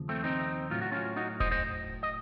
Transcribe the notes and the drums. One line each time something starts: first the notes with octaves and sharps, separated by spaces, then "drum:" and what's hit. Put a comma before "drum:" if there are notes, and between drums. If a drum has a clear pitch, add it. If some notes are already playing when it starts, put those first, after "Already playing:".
Already playing: D#2 C#3 F3
A3 C4
C4 D#4
A2 F#3 F4
F#4
C#4 F4
D#4 F#4
C5 D#5, drum: kick E1
C5 D#5
D#5